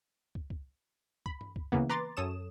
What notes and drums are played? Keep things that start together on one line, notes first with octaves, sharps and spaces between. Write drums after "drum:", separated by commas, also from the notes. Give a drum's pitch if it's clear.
drum: kick
drum: kick
B5, drum: kick
drum: tom G2
drum: kick
C#3 E3 A#3 B3, drum: kick
B4 A#5 C6 D6 A6
F#2 A4 C#5 D#6 E7